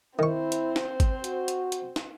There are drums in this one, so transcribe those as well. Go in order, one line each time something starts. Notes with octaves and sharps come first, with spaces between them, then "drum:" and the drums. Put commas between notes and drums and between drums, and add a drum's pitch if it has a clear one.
D#3 C4 E4 C5 C#6
drum: hi-hat
drum: snare
drum: kick, hi-hat
F#4, drum: hi-hat
drum: hi-hat
drum: hi-hat
drum: snare